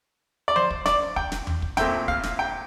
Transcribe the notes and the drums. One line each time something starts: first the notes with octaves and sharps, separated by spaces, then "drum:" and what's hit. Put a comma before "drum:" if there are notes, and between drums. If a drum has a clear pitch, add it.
D5
C5, drum: tom F3
drum: kick
D5, drum: snare
G5, drum: kick
drum: snare
drum: tom E2
drum: kick
A#2 A3 C4 E4 G5, drum: snare
F5, drum: kick
drum: snare
G5